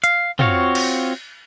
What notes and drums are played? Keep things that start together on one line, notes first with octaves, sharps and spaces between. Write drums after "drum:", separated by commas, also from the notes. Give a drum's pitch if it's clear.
F5, drum: hi-hat
C4 F4 F#4 C#5 F5, drum: tom
drum: cymbal